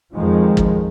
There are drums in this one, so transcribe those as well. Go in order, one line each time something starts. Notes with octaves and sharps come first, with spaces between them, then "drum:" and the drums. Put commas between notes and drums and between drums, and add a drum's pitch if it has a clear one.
F2 D#3 F3 G#3
drum: kick